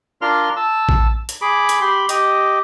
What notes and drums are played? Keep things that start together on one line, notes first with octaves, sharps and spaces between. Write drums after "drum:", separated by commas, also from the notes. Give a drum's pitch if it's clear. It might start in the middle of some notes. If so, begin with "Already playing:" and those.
D4 F4 A#4 C6 F6
A5 E6
drum: kick A1
drum: hi-hat
G#4 B5 D6
drum: hi-hat
G4 B5 C6
G4 D#5, drum: hi-hat